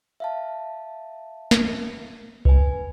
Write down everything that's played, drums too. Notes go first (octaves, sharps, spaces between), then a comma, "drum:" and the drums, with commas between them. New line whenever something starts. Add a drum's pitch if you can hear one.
E5 F5 A5
drum: snare
B4 G#5, drum: kick C2